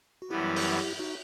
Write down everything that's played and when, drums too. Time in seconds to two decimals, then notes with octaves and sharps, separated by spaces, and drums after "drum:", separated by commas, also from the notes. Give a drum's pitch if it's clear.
0.22 F#4
0.30 F#2 E3 G3 B3 E4 G4
0.56 drum: open hi-hat
0.99 D#4 F#4